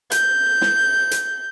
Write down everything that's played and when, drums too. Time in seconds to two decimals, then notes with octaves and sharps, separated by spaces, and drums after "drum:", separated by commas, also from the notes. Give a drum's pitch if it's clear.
0.11 G6, drum: hi-hat
0.61 drum: snare
1.11 drum: hi-hat